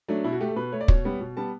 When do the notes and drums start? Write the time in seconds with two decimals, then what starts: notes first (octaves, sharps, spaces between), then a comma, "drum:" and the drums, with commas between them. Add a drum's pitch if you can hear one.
0.08 F#3 A3 D4
0.24 B2 E4
0.32 F#4
0.40 A3 G4
0.49 A4
0.56 B2 B4
0.72 A3 C#5
0.81 D5
0.88 B2 C#5, drum: kick
1.05 G3 B3
1.20 B2
1.37 G3 B3 A5